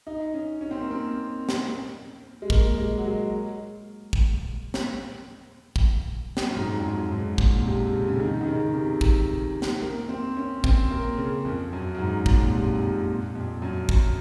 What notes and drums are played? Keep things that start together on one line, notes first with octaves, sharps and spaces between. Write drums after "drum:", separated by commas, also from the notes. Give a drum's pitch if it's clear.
D#4
C#4
C#4
C4
A#3
C4
drum: snare
G#3
A#3, drum: kick
G#3
F#3
G#3
drum: kick
drum: snare
drum: kick
drum: snare
F#2
G#2
F2
F#2
G#2
A#2, drum: kick
C3
C#3
C#3
D#3
D#3
C#3
C3
drum: kick
drum: snare
A#3
C4
C#4
C4, drum: kick
A#3
C#3
F2
F#2
F#2
G#2
A#2, drum: kick
C3
A#2
A#2
F2
F#2
F#2, drum: kick